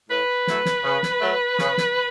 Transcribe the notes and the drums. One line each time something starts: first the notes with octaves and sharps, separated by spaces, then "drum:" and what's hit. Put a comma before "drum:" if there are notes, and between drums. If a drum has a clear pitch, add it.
A2 B4
F#3 A3 E4, drum: snare
drum: snare
C#3
drum: snare
F#3 A3
C#3, drum: snare
drum: snare